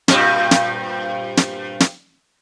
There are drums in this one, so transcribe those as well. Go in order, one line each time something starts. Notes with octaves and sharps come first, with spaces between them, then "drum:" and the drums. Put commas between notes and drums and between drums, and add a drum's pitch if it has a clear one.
G2 A#2 C4, drum: snare
drum: snare
drum: snare
drum: snare